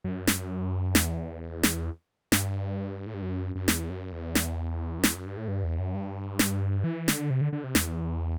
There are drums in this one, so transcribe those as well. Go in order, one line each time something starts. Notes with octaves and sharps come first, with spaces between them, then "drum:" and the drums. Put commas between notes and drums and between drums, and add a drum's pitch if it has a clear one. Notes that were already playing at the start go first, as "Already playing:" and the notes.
F#2
drum: snare
E2, drum: snare
drum: snare
G2, drum: snare
A2
G2
F#2
F#2
E2, drum: snare
F#2
E2
drum: snare
F#2
E2, drum: snare
F#2
G2
A2
G2
E2
F#2
G2
drum: snare
E3
D3, drum: snare
C3
D3
D3
C3
E2, drum: snare